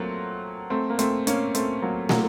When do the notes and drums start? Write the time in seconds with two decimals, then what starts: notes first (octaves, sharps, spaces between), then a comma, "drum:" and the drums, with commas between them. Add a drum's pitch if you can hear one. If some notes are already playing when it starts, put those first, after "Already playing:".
Already playing: F#3 A3 A#3 C4
0.70 A3 C4
0.90 A#3
0.99 A3 C4, drum: hi-hat
1.27 A#3 C#4, drum: hi-hat
1.55 A3 C4, drum: hi-hat
1.82 F#3 A#3
2.09 F#3 A#3, drum: snare